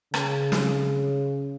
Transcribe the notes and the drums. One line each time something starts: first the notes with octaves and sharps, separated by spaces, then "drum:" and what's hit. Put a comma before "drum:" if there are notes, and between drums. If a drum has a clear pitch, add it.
C#3, drum: rim click
drum: snare